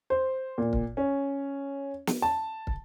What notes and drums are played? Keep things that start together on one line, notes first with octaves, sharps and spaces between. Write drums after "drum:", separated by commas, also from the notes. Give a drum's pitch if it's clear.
C5
A#2
drum: kick
C#4
drum: snare
A5
drum: kick